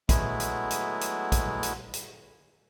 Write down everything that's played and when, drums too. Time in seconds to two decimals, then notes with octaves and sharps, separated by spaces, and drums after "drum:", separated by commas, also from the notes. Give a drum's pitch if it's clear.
0.09 F#3 G#3 A3 B3 E4, drum: kick, hi-hat
0.40 drum: hi-hat
0.71 drum: hi-hat
1.01 drum: hi-hat
1.32 drum: kick, hi-hat
1.63 drum: hi-hat
1.94 drum: hi-hat